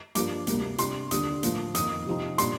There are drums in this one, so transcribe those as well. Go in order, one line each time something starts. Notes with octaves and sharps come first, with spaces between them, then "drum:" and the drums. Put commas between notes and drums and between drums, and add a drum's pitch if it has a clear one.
G2 F3 A#3 D4 D6, drum: hi-hat
D2 C3 G3 A#3, drum: hi-hat
C3 G3 D4 C6, drum: hi-hat
D#2 D3 G3 D4 D#6, drum: hi-hat
A2 F3 A#3, drum: hi-hat
F2 D#3 A#3 D#6, drum: hi-hat
C3 F3 C4 D#4
A#2 G3 D4 C6, drum: hi-hat